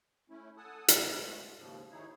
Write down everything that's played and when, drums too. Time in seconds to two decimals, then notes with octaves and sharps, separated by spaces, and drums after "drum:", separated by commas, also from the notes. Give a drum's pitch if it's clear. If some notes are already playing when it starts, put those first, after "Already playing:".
0.30 A3 C#4 E4
0.57 A4 F#5 G#5 A5 D#6
0.88 drum: hi-hat
1.04 F3 G#3 A3 B3
1.57 D#2 G#2 C#3 F3
1.92 D#3 D#4 E4 G#4 C#5